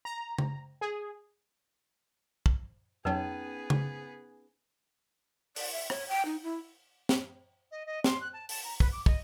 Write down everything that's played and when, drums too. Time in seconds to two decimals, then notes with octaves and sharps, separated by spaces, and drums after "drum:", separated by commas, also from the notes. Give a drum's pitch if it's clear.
0.05 A#5
0.38 drum: tom C#3
0.81 G#4
2.46 drum: kick
3.05 F2 F#3 B3 C#4 D#4 G#4 B4
3.70 drum: tom C#3
5.56 D5, drum: open hi-hat
5.72 E5
5.90 C#5, drum: rim click
6.09 G5
6.25 D#4
6.43 E4
7.09 drum: snare
7.71 D#5
7.86 D#5
8.04 C6, drum: snare
8.21 F#6
8.33 A5
8.49 A5, drum: open hi-hat
8.64 A#5
8.80 B4, drum: kick
8.92 D6
9.06 D#5, drum: kick